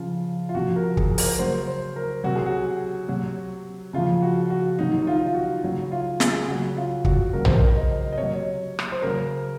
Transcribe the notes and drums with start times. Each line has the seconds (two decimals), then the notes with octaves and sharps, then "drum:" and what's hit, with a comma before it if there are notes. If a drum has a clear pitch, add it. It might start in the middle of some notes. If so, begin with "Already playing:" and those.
Already playing: C#3 F3 F4
0.49 F4
0.55 C3 F3 F#4
0.76 A#4
0.97 G#4, drum: kick
1.18 A#4, drum: open hi-hat
1.39 C#3 F#3 C5
1.68 C5
1.96 A#4
2.24 C3 F#3 F#4
2.36 G#4
2.46 F#4
3.09 C3 F#3
3.93 C#3 F3 F4
4.22 F#4
4.50 F#4
4.79 C3 D#3 F#3 D#4
5.02 D#4
5.07 F4
5.26 F4
5.35 F#4
5.63 C#3 F#3
5.92 F4
6.20 G#4, drum: snare
6.48 C#3 F#3 F#4
6.77 F4
7.05 F#4, drum: kick
7.33 C#3 F#3 A#4
7.45 C5, drum: tom A#1
7.55 A#4
7.76 D#5
8.13 D#5
8.18 C3 C#5
8.23 F#3
8.79 drum: rim click
8.92 C5
9.02 C#3 F#3 A#4